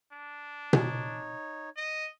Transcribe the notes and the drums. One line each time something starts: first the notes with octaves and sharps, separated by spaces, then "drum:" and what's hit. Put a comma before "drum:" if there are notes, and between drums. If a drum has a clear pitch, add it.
D4
D#4 C#5, drum: tom B2
D#5